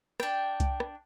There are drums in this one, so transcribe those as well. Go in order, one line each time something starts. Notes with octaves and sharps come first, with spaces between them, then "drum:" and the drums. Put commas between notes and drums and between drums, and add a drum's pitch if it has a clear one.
D4 G5, drum: rim click
drum: kick C2, hi-hat
drum: rim click